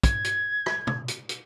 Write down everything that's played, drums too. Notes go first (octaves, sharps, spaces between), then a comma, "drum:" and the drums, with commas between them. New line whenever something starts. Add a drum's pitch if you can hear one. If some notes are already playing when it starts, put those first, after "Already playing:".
G#6, drum: kick, hi-hat
drum: hi-hat
drum: rim click
drum: tom
drum: hi-hat
drum: hi-hat